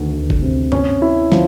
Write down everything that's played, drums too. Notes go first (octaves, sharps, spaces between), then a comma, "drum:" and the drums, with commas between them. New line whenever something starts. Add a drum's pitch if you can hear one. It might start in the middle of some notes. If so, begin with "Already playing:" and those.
Already playing: D2 D#3
D2
drum: kick G#1
C3
C#4, drum: tom
E4
F3, drum: snare